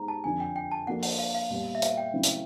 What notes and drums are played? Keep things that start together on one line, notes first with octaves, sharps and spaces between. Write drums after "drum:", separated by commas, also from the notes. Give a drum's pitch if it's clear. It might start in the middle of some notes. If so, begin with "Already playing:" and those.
Already playing: G#3 B3 D#4 G4 C5 A#5
A5
F2 D3 F3 G#5
G5
G5
A5
F3 A#3 D4 F#4 A4 F#5
F#5, drum: open hi-hat
F5
F5
A#2 G3 B3
E5
F5, drum: hi-hat
G5
C#3 F#3 A3 C4 E4
drum: hi-hat